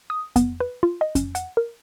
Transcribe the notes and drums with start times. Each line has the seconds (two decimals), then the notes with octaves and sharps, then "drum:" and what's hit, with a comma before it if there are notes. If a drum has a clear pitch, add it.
0.10 D#6
0.36 B3, drum: kick F2, hi-hat
0.60 B4
0.83 F4
1.01 D#5
1.15 C#4, drum: kick F2, hi-hat
1.35 F#5, drum: hi-hat
1.57 A#4